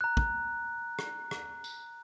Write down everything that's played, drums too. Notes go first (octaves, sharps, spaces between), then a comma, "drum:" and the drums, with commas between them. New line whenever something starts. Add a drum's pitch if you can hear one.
A#5 F#6
drum: kick
drum: rim click
drum: rim click
drum: tambourine